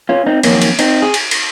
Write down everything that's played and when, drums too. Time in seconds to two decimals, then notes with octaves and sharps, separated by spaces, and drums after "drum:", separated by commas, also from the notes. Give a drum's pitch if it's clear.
0.09 C#4 F4
0.26 C4 D#4
0.43 F2 D#3 F#3 A#3 C#4, drum: cymbal
0.62 drum: cymbal
0.79 C4 D#4, drum: cymbal
1.02 G#4
1.14 drum: cymbal
1.31 drum: cymbal